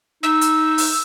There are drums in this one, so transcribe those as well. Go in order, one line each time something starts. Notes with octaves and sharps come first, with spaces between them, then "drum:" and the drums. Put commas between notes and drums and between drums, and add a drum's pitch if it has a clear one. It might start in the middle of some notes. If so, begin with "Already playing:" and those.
D#4 E6
drum: hi-hat
drum: open hi-hat